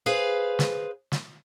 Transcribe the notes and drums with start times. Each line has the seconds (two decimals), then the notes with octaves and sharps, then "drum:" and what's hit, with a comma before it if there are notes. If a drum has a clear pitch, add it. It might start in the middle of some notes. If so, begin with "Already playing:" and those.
0.06 G#4 B4 C5 F5
0.59 drum: snare
1.12 drum: snare